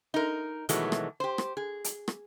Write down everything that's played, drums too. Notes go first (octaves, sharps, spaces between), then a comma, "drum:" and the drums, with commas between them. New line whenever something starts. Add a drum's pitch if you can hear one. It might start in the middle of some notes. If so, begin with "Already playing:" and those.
D#4 A#4
B2 D#3 E3 F#3 G#3 A3, drum: hi-hat
drum: rim click
G4 C5
drum: rim click
G#4
drum: hi-hat
drum: rim click